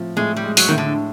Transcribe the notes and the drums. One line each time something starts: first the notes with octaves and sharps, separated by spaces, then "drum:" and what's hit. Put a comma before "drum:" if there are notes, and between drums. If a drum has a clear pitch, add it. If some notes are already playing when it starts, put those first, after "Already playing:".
Already playing: A2 F3
A2 G#3
G3
G#3
F#3, drum: open hi-hat
A2 D#3
D3